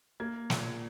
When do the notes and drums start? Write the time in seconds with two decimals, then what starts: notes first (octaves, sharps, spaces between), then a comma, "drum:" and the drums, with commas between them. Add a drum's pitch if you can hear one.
0.20 A#3 G#6
0.50 A#2, drum: snare